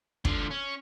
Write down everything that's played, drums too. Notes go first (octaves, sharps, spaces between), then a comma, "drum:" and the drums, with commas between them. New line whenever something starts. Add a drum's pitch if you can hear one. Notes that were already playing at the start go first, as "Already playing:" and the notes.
D3 F4, drum: kick
C#4